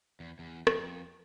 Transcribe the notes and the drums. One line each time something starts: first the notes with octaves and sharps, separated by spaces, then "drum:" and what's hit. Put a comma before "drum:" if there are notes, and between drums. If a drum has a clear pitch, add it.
E2
E2
F2, drum: rim click